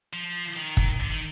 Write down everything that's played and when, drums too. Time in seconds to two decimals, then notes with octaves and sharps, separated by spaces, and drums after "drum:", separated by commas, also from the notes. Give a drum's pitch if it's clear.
0.13 F3
0.57 D#3
0.77 drum: kick
1.00 D3
1.12 D#3